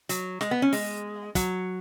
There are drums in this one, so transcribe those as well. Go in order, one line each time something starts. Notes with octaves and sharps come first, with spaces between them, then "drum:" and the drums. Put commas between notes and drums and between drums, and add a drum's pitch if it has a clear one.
F#3, drum: hi-hat
G#3, drum: snare
B3
C#4
G#3, drum: open hi-hat
F#3, drum: kick, hi-hat